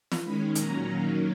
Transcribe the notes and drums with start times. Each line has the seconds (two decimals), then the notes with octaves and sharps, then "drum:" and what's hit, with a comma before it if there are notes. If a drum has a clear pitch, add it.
0.12 drum: snare
0.23 D#3 G#3 C#4 B5
0.55 A#2 F#3 C#4 A#5, drum: hi-hat
0.88 D#3 F#3 A#3 C#4